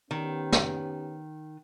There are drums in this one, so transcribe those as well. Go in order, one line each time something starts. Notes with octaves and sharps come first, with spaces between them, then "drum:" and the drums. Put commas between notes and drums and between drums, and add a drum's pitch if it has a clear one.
D#3 B3 C#4 G4
drum: snare